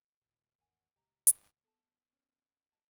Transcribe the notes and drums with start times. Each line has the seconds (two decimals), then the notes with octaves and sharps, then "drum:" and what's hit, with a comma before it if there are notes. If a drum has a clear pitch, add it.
0.21 D#1 A#2
0.58 G#1 E2 A#4 F#5 G#5
0.96 C#2 A#2 C#3 G4 D#5 A#5
1.27 drum: hi-hat
1.64 B3 A4 A5
2.12 C#4
2.72 B4 D#5 A5